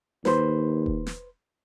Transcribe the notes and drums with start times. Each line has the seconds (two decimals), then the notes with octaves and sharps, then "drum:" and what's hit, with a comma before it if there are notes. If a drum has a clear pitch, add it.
0.25 D#2 B4 C5, drum: snare
0.86 drum: kick E1
1.07 drum: snare